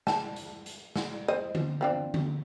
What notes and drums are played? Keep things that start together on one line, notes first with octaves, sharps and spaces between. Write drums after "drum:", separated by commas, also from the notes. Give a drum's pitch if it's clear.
A5, drum: snare
drum: hi-hat
drum: hi-hat
drum: snare
C5 D#5
drum: tom D3
F3 C4 D4
drum: tom D3